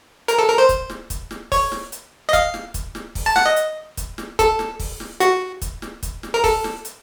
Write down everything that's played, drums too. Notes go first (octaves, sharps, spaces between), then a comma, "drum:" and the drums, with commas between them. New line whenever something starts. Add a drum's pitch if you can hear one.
A#4, drum: hi-hat
A4
A#4
C5
drum: kick, hi-hat
drum: snare
drum: kick, hi-hat
drum: snare
C#5, drum: kick, open hi-hat
drum: snare
drum: hi-hat
D#5
F5, drum: kick, hi-hat
drum: snare
drum: kick, hi-hat
drum: snare
drum: kick, open hi-hat
A5
F#5, drum: snare
D#5
drum: hi-hat
drum: kick, hi-hat
drum: snare
A4, drum: kick, hi-hat
drum: snare
drum: kick, open hi-hat
drum: snare
F#4, drum: hi-hat
drum: kick, hi-hat
drum: snare
drum: kick, hi-hat
drum: snare
A#4
A4, drum: kick, open hi-hat
drum: snare
drum: hi-hat